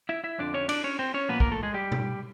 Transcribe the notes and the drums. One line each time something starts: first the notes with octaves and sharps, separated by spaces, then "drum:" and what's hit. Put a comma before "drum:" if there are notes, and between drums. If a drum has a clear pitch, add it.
E4 E5
E4 E5
F2 D3 F3 D4 D5
C#4 C#5
D4 D5, drum: cymbal
C#4 C#5
C4 C5
C#4 C#5
A#2 F3 A#3 B3 B4
A#3 A#4, drum: kick
A3 A4
G#3 G#4
G3 G4
drum: tom B2